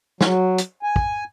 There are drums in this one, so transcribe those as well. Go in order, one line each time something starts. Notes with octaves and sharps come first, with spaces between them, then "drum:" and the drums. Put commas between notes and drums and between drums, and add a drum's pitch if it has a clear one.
F#3, drum: snare
drum: hi-hat
G#5
drum: kick